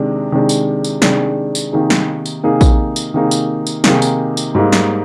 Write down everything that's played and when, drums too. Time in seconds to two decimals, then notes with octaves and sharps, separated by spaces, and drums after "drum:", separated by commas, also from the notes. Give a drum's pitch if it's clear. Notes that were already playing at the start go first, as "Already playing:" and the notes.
Already playing: C3 D#3 G#3 D4
0.32 C3 D#3 G#3 D4
0.49 drum: tambourine
0.84 drum: tambourine
1.02 C3 D#3 G#3 D4, drum: snare
1.55 drum: tambourine
1.72 C3 D#3 A#3 D#4 G#4
1.90 drum: snare
2.26 drum: tambourine
2.43 C3 D#3 A#3 D#4 G#4
2.61 drum: kick A#1, tambourine
2.96 drum: tambourine
3.14 C3 D#3 A#3 D#4 G#4
3.31 drum: tambourine
3.67 drum: tambourine
3.84 C3 D#3 A#3 D#4 G#4, drum: snare
4.02 drum: tambourine
4.37 drum: tambourine
4.55 G#2 G3 A#3 D#4
4.72 drum: snare